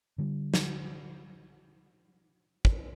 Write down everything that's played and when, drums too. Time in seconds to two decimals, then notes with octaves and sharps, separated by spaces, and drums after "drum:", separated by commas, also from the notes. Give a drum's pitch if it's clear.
0.18 D3 G3
0.54 drum: snare
2.65 drum: kick